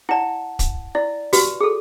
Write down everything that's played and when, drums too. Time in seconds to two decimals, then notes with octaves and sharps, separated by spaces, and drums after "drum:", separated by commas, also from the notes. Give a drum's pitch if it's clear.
0.09 E4 D5 F#5 A5
0.59 drum: kick, hi-hat
0.95 E4 D5
1.33 F#4 G4 B4, drum: open hi-hat
1.61 G#4 A4